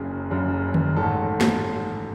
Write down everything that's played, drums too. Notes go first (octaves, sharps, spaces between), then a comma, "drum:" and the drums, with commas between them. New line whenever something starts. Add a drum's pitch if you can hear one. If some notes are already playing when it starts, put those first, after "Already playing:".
Already playing: F#1 F#2 C#3 G#4
F#1 F#2 C#3
drum: tom D3
A1 G#2 D#3 A4
drum: snare